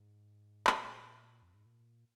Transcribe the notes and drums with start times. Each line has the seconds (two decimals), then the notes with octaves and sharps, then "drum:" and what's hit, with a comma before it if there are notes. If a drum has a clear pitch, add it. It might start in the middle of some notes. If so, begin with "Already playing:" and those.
Already playing: G#2
0.67 drum: clap
0.78 A#2
1.42 F2
1.54 G#2
1.65 A#2